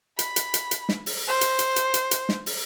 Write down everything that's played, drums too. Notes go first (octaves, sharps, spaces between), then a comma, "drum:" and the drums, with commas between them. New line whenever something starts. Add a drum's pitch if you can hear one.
B5, drum: hi-hat
drum: hi-hat
drum: hi-hat
drum: hi-hat
drum: snare
drum: open hi-hat
C5
drum: hi-hat
drum: hi-hat
drum: hi-hat
drum: hi-hat
drum: hi-hat
drum: snare
drum: open hi-hat